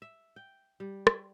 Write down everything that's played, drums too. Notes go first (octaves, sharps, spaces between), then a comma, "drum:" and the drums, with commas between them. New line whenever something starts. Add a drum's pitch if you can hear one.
E5
G5
G3
drum: rim click